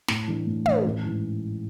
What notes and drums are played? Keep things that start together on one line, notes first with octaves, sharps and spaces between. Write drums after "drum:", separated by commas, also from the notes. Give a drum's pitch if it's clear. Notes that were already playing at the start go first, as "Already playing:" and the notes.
A2, drum: snare
E3 A3 D4
A2
E3 A3 D4, drum: tom
A1
G#2 E3